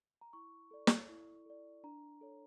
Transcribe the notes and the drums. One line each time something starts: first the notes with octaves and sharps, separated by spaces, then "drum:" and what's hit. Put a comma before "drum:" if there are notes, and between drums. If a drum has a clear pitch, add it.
A#5
E4 C#6
A4 D5
drum: snare
E4
A4 D5
D4 A#5
A4 C#5